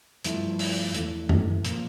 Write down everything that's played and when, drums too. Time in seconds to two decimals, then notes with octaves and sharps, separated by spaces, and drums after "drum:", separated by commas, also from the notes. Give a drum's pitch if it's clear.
0.24 G2 F3 A3 E4, drum: hi-hat
0.59 drum: open hi-hat
0.94 E2 E3 A3, drum: hi-hat
1.29 drum: tom F#2
1.65 A#2 F3 A#3, drum: hi-hat